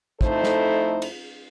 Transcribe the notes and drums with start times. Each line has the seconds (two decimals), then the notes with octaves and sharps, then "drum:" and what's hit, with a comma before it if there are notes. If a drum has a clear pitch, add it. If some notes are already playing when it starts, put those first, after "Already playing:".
0.21 F2 A3 D#4 E4 A4 C5, drum: kick
0.44 drum: snare
1.02 drum: cymbal